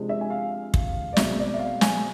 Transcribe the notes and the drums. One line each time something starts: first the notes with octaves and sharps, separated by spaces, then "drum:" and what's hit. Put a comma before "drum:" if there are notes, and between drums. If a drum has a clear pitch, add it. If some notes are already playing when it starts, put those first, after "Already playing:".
Already playing: C3 F3 G#3 D4
E5
G#5
F5
drum: kick
D5
B2 G#3 C4 E5, drum: snare
D5
E5
F5
G#5, drum: snare